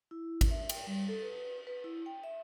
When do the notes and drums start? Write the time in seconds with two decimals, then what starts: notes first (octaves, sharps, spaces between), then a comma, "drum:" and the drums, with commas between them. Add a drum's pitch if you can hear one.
0.11 E4
0.41 drum: kick G#1, cymbal
0.51 E5
0.69 G5, drum: cymbal
0.87 G3
1.08 A4
1.22 B4
1.67 B4
1.84 E4
2.06 G5
2.24 E5